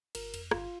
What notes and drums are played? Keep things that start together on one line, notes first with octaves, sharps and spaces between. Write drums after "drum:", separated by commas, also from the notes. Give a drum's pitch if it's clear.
G1 A#4, drum: cymbal
F2, drum: cymbal
G1 F4, drum: rim click